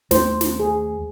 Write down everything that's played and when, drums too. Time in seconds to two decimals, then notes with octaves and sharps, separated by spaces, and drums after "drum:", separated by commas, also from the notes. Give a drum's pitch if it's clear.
0.11 D#2 G#3 A3 C5, drum: snare
0.41 drum: snare
0.60 G#4